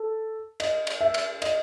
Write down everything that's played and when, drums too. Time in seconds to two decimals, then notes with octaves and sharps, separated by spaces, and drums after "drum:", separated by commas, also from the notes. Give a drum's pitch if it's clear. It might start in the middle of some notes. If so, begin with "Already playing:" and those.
Already playing: A4
0.60 D#5, drum: cymbal
0.87 drum: cymbal
1.01 E5
1.14 drum: cymbal
1.42 D#5, drum: cymbal